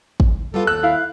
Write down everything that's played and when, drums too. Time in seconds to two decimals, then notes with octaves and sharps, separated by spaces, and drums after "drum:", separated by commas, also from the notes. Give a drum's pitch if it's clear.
0.20 drum: kick
0.54 G3 B3 F4 A4
0.67 D#2 C4 E6 F#6
0.83 E4 F5